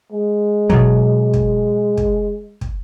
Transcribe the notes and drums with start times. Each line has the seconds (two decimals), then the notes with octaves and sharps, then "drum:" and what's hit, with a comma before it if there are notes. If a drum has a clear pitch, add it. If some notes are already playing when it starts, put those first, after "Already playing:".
0.12 G#3
0.70 B2 F#3, drum: kick
1.33 drum: kick
1.97 drum: kick
2.61 drum: kick